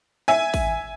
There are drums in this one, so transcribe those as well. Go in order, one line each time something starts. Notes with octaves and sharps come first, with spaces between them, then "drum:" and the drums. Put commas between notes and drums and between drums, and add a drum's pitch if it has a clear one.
E5 G#5
drum: kick A1, open hi-hat